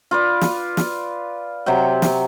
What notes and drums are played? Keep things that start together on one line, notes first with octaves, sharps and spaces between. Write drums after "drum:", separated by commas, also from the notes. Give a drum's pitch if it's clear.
F4 B4 D5
drum: snare
drum: snare
C3 F#3 C5 G5
drum: snare